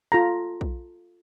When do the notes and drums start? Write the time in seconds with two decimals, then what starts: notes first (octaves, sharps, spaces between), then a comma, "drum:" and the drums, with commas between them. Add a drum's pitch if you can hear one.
0.12 F4 A4 A#5
0.61 drum: kick B1